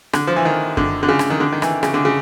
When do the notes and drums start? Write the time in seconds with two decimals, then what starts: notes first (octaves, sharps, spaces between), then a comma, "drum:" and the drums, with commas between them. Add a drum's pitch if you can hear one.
0.13 D3, drum: rim click
0.27 F3
0.36 E3
0.45 D#3
0.77 D3, drum: kick F#2
1.03 D3
1.09 C#3
1.19 drum: rim click
1.30 D#3
1.40 D3
1.52 D#3
1.62 E3, drum: rim click
1.83 C#3, drum: rim click
1.94 D3
2.05 C#3